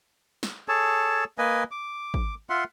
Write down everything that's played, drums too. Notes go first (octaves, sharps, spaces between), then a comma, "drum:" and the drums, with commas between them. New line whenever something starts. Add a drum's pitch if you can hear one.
drum: snare
G#4 A4 C#5 A5
A#3 B4 D#5 G#5
D6
drum: kick G#1
F4 E5 F#5 C6